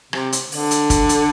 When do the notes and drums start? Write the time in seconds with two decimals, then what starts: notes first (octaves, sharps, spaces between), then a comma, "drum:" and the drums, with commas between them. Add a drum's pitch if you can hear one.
0.13 C3, drum: rim click
0.32 drum: hi-hat
0.52 D3, drum: open hi-hat
0.71 drum: hi-hat
0.90 drum: kick, hi-hat
1.09 drum: hi-hat